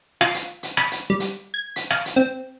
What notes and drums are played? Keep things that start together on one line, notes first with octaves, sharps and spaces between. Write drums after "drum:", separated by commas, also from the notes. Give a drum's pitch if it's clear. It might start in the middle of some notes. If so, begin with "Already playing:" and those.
F4, drum: rim click
drum: hi-hat
drum: hi-hat
B5, drum: rim click
drum: hi-hat
G3
drum: hi-hat
G#6
B6, drum: hi-hat
F5, drum: rim click
drum: hi-hat
C4